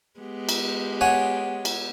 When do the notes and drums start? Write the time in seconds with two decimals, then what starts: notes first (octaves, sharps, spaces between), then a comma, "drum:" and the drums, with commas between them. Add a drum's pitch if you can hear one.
0.20 G#3 B3 G4
0.49 drum: cymbal
1.01 C#5 F#5 G#5
1.65 drum: cymbal